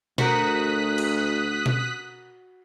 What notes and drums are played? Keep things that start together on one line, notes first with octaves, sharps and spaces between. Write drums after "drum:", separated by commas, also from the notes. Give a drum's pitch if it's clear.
D2 F#4 A#4 C5 D#6 F#6 B6, drum: tom B2
drum: cymbal
drum: tom B2